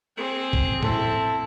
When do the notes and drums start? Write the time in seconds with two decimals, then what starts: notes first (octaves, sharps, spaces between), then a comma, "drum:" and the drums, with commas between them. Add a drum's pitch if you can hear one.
0.17 C4 G#4
0.53 drum: kick B1
0.83 C4 E4 A4, drum: tom A2